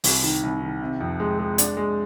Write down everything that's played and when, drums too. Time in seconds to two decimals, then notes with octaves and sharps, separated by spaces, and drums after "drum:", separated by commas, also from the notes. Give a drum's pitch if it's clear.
0.04 C2, drum: open hi-hat
0.23 D#3
0.43 C2
0.62 D#3
0.82 C3
1.00 F2
1.20 G#3
1.39 G#3
1.58 D4, drum: hi-hat
1.77 G#3